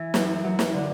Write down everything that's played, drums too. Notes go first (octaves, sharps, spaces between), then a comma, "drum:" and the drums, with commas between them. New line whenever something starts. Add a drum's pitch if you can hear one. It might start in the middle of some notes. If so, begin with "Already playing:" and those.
Already playing: E3
F#2, drum: snare
F#3
drum: snare
D3